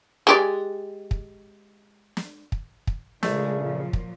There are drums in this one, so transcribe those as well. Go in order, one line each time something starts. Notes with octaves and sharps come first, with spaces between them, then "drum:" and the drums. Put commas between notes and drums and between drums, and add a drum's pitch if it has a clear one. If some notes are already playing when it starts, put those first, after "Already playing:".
G#3 G4 D5
drum: kick
drum: snare
drum: kick
drum: kick
A#1 C#3 G#3 A3 D4 G#4, drum: snare
A#2 F3 F#3
drum: kick